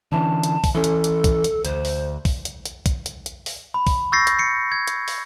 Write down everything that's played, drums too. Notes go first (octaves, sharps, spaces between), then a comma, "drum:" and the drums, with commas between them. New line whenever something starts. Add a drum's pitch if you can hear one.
D3 E3 C#4 A5
drum: hi-hat
drum: kick B1, open hi-hat
E3 C#4 A4
drum: hi-hat
drum: hi-hat
drum: kick B1, hi-hat
drum: hi-hat
D2 C5, drum: hi-hat
drum: open hi-hat
drum: kick B1, open hi-hat
drum: hi-hat
drum: hi-hat
drum: kick B1, hi-hat
drum: hi-hat
drum: hi-hat
drum: open hi-hat
B5
drum: kick B1, open hi-hat
C#6 E6 G6 A6 A#6 C7
drum: hi-hat
C7 C#7
G#6
drum: hi-hat
drum: open hi-hat